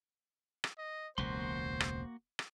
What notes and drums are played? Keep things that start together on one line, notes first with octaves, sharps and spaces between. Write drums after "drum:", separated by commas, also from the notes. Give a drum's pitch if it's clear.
drum: rim click
D#5
E1 C#2 B2 A#3 F#4 C5 C6
drum: rim click
drum: rim click